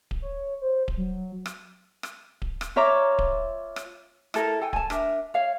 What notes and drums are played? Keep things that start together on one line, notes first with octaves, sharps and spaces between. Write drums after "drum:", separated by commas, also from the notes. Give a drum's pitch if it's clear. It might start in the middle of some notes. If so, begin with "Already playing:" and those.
drum: kick D1
C#5
C5
drum: kick D1
F#3
drum: rim click
drum: rim click
drum: kick D1
drum: rim click
F4 C#5 E5 A#5 D6
drum: kick D1
drum: rim click
E4 A4 A#4, drum: rim click
A4 G5 G#5
G#5 A5, drum: kick D1
D4 A#4 E5, drum: rim click
C#5 F5